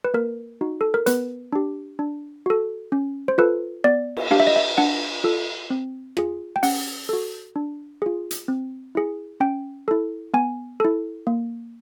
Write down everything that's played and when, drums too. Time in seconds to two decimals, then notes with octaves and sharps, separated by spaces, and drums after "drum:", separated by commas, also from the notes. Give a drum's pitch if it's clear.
0.04 B4
0.14 A#3 A#4
0.61 D#4 F#4
0.81 A4
0.94 A#4
1.06 B3 B4, drum: hi-hat
1.52 D4 G4
1.99 D4
2.46 F#4 A4
2.92 C#4
3.28 C5
3.38 F4 A4 B4
3.84 B3 D5
4.17 drum: cymbal
4.31 D4 G4 F5
4.40 E5
4.47 D#5
4.56 E5
4.78 D4 F#5
5.24 F4 A4
5.70 C4
6.17 F4 G#4, drum: rim click
6.56 G5
6.63 C#4 F#5, drum: open hi-hat
7.09 F#4 A4
7.56 D4
8.02 F4 G#4
8.31 drum: hi-hat
8.48 C4
8.95 E4 G#4
9.40 C#4 G5
9.88 E4 A4
10.34 B3 G#5
10.80 E4 A4
11.27 A#3